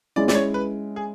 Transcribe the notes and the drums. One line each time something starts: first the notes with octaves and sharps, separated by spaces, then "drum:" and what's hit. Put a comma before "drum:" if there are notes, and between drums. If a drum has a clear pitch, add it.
G#3 C#4 E4 D5
D5, drum: snare
C#5
B4
G#4